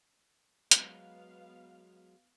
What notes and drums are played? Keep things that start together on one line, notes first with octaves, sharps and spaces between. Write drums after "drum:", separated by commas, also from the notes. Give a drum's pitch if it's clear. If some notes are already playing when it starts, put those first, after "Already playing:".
F#3 G#3 B3 F5, drum: hi-hat